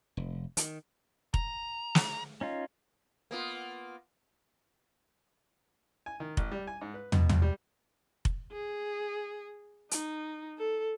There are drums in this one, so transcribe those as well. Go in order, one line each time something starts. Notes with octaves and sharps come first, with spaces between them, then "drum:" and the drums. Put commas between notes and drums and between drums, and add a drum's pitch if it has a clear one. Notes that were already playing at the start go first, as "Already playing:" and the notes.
F1
D#3, drum: hi-hat
A#5, drum: kick F1
drum: snare
C#4 D#4 F4
A#3 B3 F4
G#5
D#3
A1, drum: kick F1
G3
G#5
G#2
B4
B2, drum: tom
C#2, drum: tom
G3
drum: kick F1
G#4
D#4, drum: hi-hat
A4